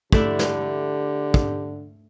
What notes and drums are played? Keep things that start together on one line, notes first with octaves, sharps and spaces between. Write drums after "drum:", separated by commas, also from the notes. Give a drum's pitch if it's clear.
D3 A3 D4 E4 G4, drum: kick
drum: snare
drum: kick